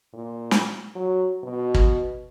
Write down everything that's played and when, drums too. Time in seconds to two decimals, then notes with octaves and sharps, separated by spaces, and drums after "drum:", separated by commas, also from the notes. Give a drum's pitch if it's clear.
0.13 A#2
0.51 drum: snare
0.96 F#3
1.44 B2
1.74 drum: kick